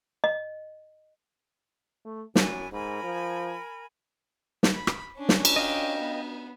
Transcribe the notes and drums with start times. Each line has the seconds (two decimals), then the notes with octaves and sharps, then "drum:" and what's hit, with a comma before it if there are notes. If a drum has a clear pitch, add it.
0.24 D#5
2.05 A3
2.35 F#2 D4 E4 G#5, drum: snare
2.72 G#2 A#4 G#5 B5
3.03 F3
4.63 drum: snare
4.74 B5
4.87 drum: rim click
5.17 C#4 D4
5.29 drum: snare
5.45 drum: cymbal
5.56 D#5 F5 G5
5.97 B3